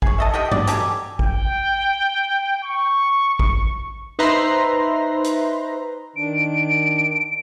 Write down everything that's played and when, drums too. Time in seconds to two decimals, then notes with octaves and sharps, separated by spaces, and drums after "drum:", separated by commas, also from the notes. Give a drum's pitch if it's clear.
0.02 G#4 C#5, drum: kick A1
0.18 A4 D#5 E5
0.34 G4 D#5 F#5 G5
0.52 D5, drum: tom G2
0.67 F#3 G4 A4 G#5, drum: hi-hat
1.19 G5, drum: kick A1
2.64 C#6
3.39 drum: kick A1
4.19 D#4 B4 C5 E5 A#5 C6
5.24 drum: hi-hat
6.16 D#3 D4 D7